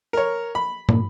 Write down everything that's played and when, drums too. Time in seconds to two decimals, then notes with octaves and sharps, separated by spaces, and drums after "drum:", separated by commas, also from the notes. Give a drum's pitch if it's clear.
0.13 A#4 C#5
0.55 B5
0.89 A#2, drum: tom